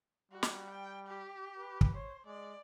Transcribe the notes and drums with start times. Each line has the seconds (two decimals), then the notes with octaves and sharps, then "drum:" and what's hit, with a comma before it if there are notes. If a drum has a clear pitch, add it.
0.31 G3 F#4
0.43 drum: snare
0.70 G5
1.07 G4
1.58 B4
1.81 drum: kick
1.94 C5 C#5
2.26 G#3 D5